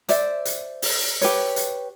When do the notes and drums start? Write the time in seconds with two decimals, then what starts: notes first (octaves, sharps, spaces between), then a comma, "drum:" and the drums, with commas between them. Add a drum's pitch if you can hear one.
0.09 C5 D5 E5, drum: hi-hat
0.45 drum: hi-hat
0.82 drum: open hi-hat
1.21 G4 B4 C#5, drum: hi-hat
1.56 drum: hi-hat